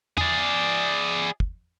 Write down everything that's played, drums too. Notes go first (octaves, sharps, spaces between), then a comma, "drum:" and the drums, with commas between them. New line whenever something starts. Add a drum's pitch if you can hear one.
G#4 D5, drum: tom E2
drum: kick